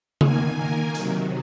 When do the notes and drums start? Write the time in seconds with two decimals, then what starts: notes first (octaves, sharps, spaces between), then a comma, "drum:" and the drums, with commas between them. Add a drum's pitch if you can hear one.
0.21 D#3 A#3 G#5, drum: tom C#3
0.57 A#4
0.95 C3 D#3 F#3, drum: hi-hat